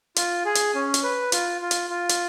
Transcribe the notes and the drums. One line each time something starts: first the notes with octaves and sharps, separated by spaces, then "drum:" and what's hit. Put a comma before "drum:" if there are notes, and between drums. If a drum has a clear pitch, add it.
F4, drum: hi-hat
G#4
drum: hi-hat
C#4
drum: hi-hat
B4
F4, drum: hi-hat
F4
drum: hi-hat
F4
drum: hi-hat